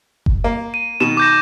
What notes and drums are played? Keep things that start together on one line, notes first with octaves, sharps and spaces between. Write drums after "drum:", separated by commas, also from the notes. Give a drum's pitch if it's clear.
drum: kick F#1
A#3
D#7
B2 D#3 E7
D6 G6 A#6